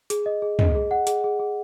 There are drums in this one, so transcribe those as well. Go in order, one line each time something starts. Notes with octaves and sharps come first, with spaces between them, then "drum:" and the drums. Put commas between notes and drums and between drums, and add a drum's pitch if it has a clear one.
G#4, drum: hi-hat
D#5
G#4
D#5, drum: tom
G#4
F#5
G#4, drum: hi-hat
G#4
G#4